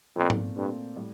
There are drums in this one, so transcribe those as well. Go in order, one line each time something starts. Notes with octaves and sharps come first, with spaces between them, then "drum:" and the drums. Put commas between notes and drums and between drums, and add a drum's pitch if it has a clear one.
F2 A#2 A3 C4
drum: tom G#2
G2 A#2 A3 C4
A2 G3